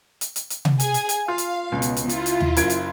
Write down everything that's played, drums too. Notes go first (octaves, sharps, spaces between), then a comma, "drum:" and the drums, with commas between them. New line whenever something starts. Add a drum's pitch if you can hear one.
drum: hi-hat
drum: hi-hat
drum: hi-hat
drum: tom C3
G#4 G#5, drum: hi-hat
drum: hi-hat
drum: hi-hat
F4 F5
drum: hi-hat
C#2 B2
drum: hi-hat
drum: hi-hat
E4 F4, drum: hi-hat
drum: hi-hat
drum: tom D#2
F#1 G#6 D7, drum: hi-hat
drum: hi-hat